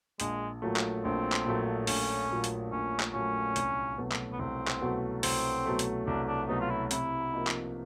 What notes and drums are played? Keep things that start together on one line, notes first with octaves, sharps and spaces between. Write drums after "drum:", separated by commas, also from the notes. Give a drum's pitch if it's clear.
A#1 G#3, drum: hi-hat
A#2 F#3 A3
drum: clap
A#1 C4
drum: clap
A#2 F#3 A3
A#1 C#4, drum: open hi-hat
A#2 F#3 A3
drum: hi-hat
A#1 C#4
drum: clap
A#2 F#3 A3 C#4
C2, drum: hi-hat
B2 F#3 A3
drum: clap
B3
C2 C4
drum: clap
B2 F#3 A3
C2 C4, drum: open hi-hat
B2 F#3 A3
drum: hi-hat
C2 D4
D4
B2 F#3 A3 D#4
F4
E4
C3 E4, drum: hi-hat
F3 A#3 D#4
drum: clap